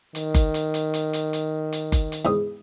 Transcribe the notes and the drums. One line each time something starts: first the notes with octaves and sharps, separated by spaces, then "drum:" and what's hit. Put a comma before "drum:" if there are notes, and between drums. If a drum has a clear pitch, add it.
D#3, drum: hi-hat
drum: kick F#1, hi-hat
drum: hi-hat
drum: hi-hat
drum: hi-hat
drum: hi-hat
drum: hi-hat
drum: hi-hat
drum: kick F#1, hi-hat
drum: hi-hat
E2 G#2 D#6